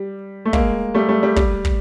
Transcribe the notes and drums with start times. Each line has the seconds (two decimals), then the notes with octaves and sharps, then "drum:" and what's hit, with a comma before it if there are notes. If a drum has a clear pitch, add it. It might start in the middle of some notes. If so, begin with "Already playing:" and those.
Already playing: G3
0.45 A3
0.53 G#3 A#3, drum: kick
0.94 G3 A3
1.09 G3 A3
1.23 G3
1.36 G3, drum: kick
1.65 drum: kick